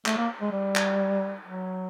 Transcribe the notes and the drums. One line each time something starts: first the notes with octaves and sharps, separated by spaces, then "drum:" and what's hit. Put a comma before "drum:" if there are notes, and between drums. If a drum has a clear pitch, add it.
A3, drum: clap
A#3
G#3
G3
drum: clap
F#3